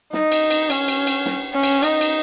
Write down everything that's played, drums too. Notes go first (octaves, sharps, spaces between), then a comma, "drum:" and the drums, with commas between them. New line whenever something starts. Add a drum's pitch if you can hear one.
D#4, drum: snare
drum: cymbal
drum: cymbal
C#4, drum: cymbal
drum: cymbal
drum: cymbal
drum: snare
C#4
drum: cymbal
D#4, drum: cymbal
drum: cymbal